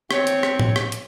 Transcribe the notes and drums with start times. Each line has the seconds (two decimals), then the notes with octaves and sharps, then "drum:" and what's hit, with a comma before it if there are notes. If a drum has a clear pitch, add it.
0.11 C4 C#5, drum: rim click
0.27 drum: hi-hat
0.43 drum: rim click
0.60 drum: tom A2
0.76 drum: rim click
0.92 drum: hi-hat